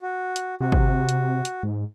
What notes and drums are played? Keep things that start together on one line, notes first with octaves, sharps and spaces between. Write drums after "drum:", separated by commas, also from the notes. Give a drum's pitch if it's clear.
F#4
drum: hi-hat
C3 F#4
drum: kick
drum: hi-hat
drum: hi-hat
G#2